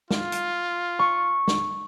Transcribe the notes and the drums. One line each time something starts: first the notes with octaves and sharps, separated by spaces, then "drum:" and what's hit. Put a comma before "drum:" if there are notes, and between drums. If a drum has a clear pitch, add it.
F4, drum: snare
drum: hi-hat
C#6
drum: snare